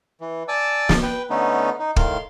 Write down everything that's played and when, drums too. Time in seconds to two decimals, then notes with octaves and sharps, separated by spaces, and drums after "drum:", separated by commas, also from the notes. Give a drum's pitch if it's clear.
0.21 E3
0.48 D5 G#5 A5 D6 E6
0.89 drum: snare
1.03 B4 G5
1.30 D3 A3 B3 C#4 D#4
1.80 D#4
1.96 A2 D#3 F5 C6, drum: kick